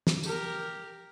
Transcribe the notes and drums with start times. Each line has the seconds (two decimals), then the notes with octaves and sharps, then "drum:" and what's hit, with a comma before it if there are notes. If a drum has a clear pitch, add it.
0.07 drum: snare
0.23 G4 A#4, drum: tambourine